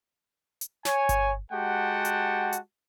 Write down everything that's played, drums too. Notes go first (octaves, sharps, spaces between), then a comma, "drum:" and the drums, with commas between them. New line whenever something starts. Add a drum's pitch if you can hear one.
drum: hi-hat
C#5 G#5, drum: snare
drum: kick G1, hi-hat
G#3 F#4 G4 F#5 G5 A5
drum: hi-hat
drum: hi-hat